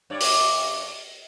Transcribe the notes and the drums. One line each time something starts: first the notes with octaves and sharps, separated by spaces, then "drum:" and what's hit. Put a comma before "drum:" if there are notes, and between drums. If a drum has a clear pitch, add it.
G2 C#5 D5
drum: open hi-hat